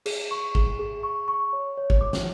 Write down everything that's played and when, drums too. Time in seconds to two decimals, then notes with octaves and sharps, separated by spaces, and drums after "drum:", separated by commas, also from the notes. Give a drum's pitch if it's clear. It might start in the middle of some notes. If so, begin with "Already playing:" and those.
0.06 G#4, drum: cymbal
0.31 C#6
0.55 G#4, drum: kick G#1
0.79 G#4
1.03 C#6
1.28 C#6
1.53 C#5
1.77 C#5
1.90 drum: kick G#1
2.01 D6
2.13 drum: snare